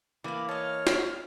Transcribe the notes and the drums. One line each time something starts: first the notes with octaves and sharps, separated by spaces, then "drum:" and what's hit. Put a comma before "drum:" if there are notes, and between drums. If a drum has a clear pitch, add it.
E3 A#3 D5 F5 B5
C#5 D#5 A5 F6
drum: snare